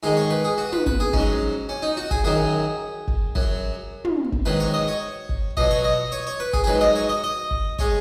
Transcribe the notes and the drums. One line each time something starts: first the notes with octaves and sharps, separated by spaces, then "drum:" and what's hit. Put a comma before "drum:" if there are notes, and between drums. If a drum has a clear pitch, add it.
G#2 D#3 G#3 G#4
C#5
B4
G#4
F#4
B4, drum: tom
B4, drum: kick
G#4
G#2 F#3 C#4, drum: kick
C#4
D#4
F#4
G#4, drum: kick
F#2 D#3 F#3 G#4
drum: kick
F#2 F#3, drum: kick
drum: tom
drum: kick
G#2 D#3 F#3 B4
C#5
D#5
C#5
drum: kick
B2 F#3 D#5, drum: kick
C#5
D#5
C#5
C#5
B4
G#4, drum: kick
G#4
G#2 F#3 B4
D#5
C#5
D#5
D#5
drum: kick
G#3 C#5, drum: kick